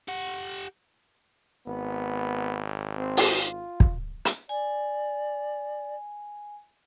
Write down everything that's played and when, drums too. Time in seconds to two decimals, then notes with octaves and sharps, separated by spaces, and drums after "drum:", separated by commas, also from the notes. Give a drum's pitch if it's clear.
0.08 G4 F#5
1.67 G#1 B3
2.98 C4
3.17 drum: open hi-hat
3.38 F4
3.80 drum: kick
4.25 drum: hi-hat
4.49 D5 G#5